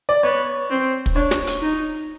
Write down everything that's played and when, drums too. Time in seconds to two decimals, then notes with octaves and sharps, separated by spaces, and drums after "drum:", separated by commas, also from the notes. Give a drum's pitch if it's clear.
0.09 D5
0.23 B3 C#5
0.70 C4
1.06 drum: kick
1.15 D4 C#5
1.31 drum: snare
1.47 drum: hi-hat
1.61 D#4